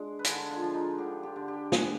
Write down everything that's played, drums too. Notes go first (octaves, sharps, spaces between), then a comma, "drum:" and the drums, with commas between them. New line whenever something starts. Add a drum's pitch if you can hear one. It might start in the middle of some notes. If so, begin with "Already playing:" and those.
Already playing: G#3 D4
B4
D3 G#4, drum: hi-hat
F4
F3
D#4
D3 G4
G4
D3
G4
B2 G#4, drum: snare